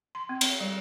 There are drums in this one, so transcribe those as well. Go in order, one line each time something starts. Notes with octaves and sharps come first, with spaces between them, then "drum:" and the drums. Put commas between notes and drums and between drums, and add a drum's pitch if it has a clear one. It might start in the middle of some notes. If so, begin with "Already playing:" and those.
C6
C4
C4, drum: cymbal
G3